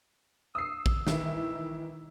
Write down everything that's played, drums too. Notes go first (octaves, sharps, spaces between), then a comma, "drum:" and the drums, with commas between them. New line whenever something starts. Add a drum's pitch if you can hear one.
D#6 E6 C7
drum: kick
D#3 E3 E4, drum: snare